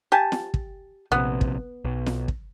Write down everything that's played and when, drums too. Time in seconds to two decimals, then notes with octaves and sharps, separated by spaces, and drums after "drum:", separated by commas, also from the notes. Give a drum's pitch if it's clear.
0.12 G4 G#5 A5
0.32 drum: snare
0.54 drum: kick
1.12 A#1 C3 B3
1.41 drum: kick
1.85 B1
2.06 drum: snare
2.28 drum: kick